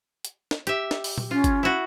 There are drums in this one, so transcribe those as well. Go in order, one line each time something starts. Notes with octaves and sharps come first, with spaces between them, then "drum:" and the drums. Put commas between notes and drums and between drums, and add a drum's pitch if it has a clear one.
drum: hi-hat
drum: snare
G4 E5, drum: hi-hat
drum: snare
drum: open hi-hat
drum: tom A#2
C#4 F4
drum: kick G1, hi-hat
E4 F#4